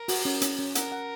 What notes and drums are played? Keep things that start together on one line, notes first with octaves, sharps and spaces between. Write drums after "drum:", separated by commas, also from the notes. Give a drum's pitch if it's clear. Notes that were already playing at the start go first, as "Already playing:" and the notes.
Already playing: A#4
F#4, drum: open hi-hat
C#4
C#4, drum: hi-hat
C#4
A#4 F#5, drum: hi-hat
F#5